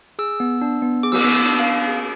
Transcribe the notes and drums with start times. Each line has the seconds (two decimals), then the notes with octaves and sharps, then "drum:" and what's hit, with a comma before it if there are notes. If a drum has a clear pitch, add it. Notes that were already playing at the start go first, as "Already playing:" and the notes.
0.19 G#4 E6
0.40 B3
0.61 D4
0.82 B3
1.03 G#4 D6
1.12 E6, drum: cymbal
1.21 B3 D6
1.31 E6
1.45 D4, drum: hi-hat
1.59 F5
1.67 B3
1.87 G#4